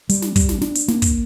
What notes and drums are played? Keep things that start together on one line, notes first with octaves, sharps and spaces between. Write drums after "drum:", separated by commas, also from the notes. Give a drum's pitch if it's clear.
G3, drum: hi-hat
drum: snare
G3, drum: kick, hi-hat
drum: snare
D4, drum: snare
drum: hi-hat
A#3, drum: snare
drum: kick, hi-hat